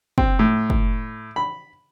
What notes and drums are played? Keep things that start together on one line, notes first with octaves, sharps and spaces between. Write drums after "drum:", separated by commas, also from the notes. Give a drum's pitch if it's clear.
C4, drum: kick
A2
drum: kick
B5